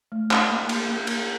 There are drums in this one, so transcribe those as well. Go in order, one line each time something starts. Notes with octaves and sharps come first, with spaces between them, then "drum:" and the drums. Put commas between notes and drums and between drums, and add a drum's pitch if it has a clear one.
A3
drum: clap
A#3
drum: cymbal
A#3
drum: cymbal